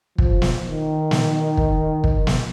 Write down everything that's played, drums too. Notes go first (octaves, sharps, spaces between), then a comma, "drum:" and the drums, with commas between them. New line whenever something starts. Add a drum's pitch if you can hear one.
F3, drum: kick
drum: snare
D#3
drum: snare
drum: kick
drum: kick
drum: snare